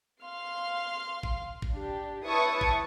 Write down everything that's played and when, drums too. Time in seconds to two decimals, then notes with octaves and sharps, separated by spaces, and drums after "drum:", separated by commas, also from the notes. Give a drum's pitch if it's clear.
0.24 F5 C6 F6
1.23 drum: kick G#1
1.62 drum: kick G#1
1.72 D4 G4
2.23 E4 B4 C#5 A5 C#6 D#6
2.61 drum: kick G#1